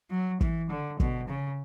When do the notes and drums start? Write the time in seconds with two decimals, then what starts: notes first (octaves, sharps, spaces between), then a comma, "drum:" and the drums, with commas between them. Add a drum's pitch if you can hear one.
0.10 F#3
0.41 E3, drum: kick
0.70 D3
1.00 B2, drum: kick
1.28 C#3